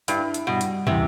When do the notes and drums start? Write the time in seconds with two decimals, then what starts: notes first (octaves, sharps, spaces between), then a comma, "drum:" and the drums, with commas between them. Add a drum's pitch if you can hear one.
0.08 G2 E4, drum: hi-hat
0.34 drum: hi-hat
0.47 G2 B2
0.61 drum: hi-hat
0.87 C3 E3, drum: tom